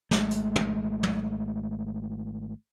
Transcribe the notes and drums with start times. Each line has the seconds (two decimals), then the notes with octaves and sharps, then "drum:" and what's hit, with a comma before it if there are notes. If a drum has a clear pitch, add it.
0.11 G#1 G#3 A3, drum: snare
0.31 drum: hi-hat
0.56 drum: tom
1.03 drum: tom